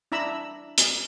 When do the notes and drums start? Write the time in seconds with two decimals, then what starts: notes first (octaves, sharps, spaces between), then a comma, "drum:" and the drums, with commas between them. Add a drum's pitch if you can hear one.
0.12 D4 E4 A#5 B5 E6
0.78 drum: hi-hat